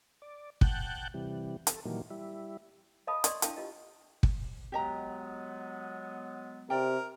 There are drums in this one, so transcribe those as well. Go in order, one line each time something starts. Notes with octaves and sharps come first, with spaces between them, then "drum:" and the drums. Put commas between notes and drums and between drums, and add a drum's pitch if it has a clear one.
D5
F#5 G5 A5 F#6 G6, drum: kick
C3 E3 G3
A4, drum: hi-hat
A#2 D#3 E3 F#3 G3 A#3
G3 E4
D#5 F5 A5 B5 D#6
D5 D#5 C6 C#6, drum: hi-hat
D4 E4 F5 G5 A5, drum: hi-hat
F4 G4 D#5
drum: kick
F#3 G#3 B3 G4 D#5 A#5
C3 A#4 D5 G5